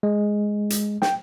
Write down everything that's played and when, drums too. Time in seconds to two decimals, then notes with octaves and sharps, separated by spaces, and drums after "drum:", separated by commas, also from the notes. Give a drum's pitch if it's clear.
0.03 G#3
0.70 drum: hi-hat
1.02 G5, drum: snare